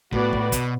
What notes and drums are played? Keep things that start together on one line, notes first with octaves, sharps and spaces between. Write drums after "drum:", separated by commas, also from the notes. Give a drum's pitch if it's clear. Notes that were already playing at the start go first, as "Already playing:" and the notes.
A2 B3 F#4 B4 D5, drum: kick
drum: kick
B2, drum: kick, hi-hat